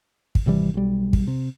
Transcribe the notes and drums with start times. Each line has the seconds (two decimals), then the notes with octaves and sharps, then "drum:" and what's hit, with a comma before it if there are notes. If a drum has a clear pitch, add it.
0.35 drum: kick
0.46 G#1 C3 E3 G3
0.74 B1 G3
1.13 drum: kick
1.27 C3